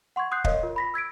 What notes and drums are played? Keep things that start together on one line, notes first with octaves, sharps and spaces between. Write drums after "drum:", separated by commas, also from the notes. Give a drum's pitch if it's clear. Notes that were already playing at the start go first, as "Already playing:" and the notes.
F#5 C6 C#6 G#6
C6 D#6 F#6 G6 C7
A#4 C#5 D#5 F5, drum: kick
F4 A#4
B5 A#6 B6
E6 G#6 B6 D7